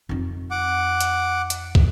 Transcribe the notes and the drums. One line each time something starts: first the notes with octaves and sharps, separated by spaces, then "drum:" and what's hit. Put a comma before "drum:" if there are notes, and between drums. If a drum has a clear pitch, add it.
F2 D#4
F#5 D6
drum: hi-hat
drum: hi-hat
drum: kick